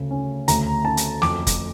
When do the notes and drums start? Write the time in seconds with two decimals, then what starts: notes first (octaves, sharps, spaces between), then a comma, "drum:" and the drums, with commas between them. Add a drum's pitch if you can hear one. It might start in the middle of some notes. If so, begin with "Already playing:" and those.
Already playing: D2 C#3
0.11 C#4
0.48 D2 A#5, drum: hi-hat
0.85 C#4 A5
0.97 drum: hi-hat
1.22 F2 D6, drum: snare
1.47 drum: kick F#1, hi-hat